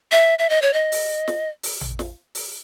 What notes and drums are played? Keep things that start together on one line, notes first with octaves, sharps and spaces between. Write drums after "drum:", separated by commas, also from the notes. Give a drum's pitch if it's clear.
E5
E5
D#5
C#5
D#5
drum: open hi-hat
drum: snare
drum: open hi-hat
drum: tom A1
drum: snare
drum: open hi-hat